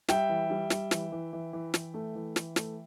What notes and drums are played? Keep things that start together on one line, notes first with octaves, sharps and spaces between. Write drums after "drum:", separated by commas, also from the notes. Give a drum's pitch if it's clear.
G3 E5 G5, drum: snare
E3
G3
G3, drum: snare
E3, drum: snare
E3
E3
E3
E3, drum: snare
A3
E3
E3, drum: snare
A3, drum: snare